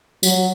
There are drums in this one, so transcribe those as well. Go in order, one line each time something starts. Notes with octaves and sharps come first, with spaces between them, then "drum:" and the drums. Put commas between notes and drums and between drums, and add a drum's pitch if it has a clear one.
F#3, drum: tambourine